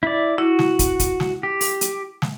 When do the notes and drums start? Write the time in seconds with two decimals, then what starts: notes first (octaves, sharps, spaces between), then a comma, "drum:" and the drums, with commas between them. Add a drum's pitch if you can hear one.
0.03 E4 D5
0.38 E4 F#4
0.59 drum: snare
0.79 drum: kick, hi-hat
0.99 drum: kick, hi-hat
1.20 drum: snare
1.43 G4
1.61 drum: open hi-hat
1.81 drum: hi-hat
2.22 drum: snare